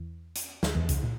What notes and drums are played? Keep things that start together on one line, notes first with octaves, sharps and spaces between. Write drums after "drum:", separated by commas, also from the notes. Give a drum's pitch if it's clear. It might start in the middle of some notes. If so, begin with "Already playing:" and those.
Already playing: E2 E3
drum: hi-hat
D2 D3, drum: snare
E2 E3
C#2 C#3, drum: hi-hat
A#2